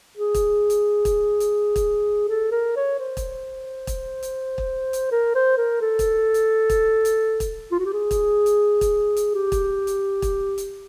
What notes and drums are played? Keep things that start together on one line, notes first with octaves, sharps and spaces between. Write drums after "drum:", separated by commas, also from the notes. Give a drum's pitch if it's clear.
G#4
drum: kick, hi-hat
drum: hi-hat
drum: kick, hi-hat
drum: hi-hat
drum: kick, hi-hat
A4
A#4
C#5
C5
drum: kick, hi-hat
drum: kick, hi-hat
drum: hi-hat
drum: kick
drum: hi-hat
A#4
C5
A#4
A4
drum: kick, hi-hat
drum: hi-hat
drum: kick, hi-hat
drum: hi-hat
drum: kick, hi-hat
F4
F#4
G4
G#4
drum: kick, hi-hat
drum: hi-hat
drum: kick, hi-hat
drum: hi-hat
G4
drum: kick, hi-hat
drum: hi-hat
drum: kick, hi-hat
drum: hi-hat